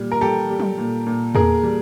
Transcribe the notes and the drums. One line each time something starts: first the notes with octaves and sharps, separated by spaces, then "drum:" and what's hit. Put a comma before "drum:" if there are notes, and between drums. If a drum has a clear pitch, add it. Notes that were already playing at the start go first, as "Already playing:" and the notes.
Already playing: A#2 G3
A#4
G3 G4 A4
G3
drum: tom F#3
A#2
A#2
A#2 G#4 A#4, drum: tom E2
G3